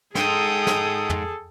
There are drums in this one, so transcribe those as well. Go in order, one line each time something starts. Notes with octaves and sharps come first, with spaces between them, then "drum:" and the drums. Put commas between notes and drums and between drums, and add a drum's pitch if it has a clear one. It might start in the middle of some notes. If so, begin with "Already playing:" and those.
G#2 G#4 A4 G5 D#6, drum: snare
drum: snare
drum: tom